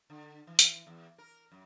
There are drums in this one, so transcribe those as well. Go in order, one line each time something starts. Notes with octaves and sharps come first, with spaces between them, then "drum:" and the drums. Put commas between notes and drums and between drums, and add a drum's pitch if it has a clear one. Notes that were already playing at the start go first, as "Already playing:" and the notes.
D3
E3
drum: hi-hat
E2
A#4
F#2